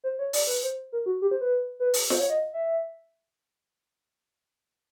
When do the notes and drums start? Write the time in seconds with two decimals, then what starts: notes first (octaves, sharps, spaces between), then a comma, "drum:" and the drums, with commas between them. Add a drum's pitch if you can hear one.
0.04 C5
0.19 C#5
0.33 D5, drum: open hi-hat
0.47 B4
0.63 C5
0.92 A#4
1.06 F#4
1.22 G4
1.31 C5
1.41 B4
1.80 B4
1.94 drum: open hi-hat
2.10 C5, drum: snare F4
2.20 C#5
2.30 D#5
2.54 E5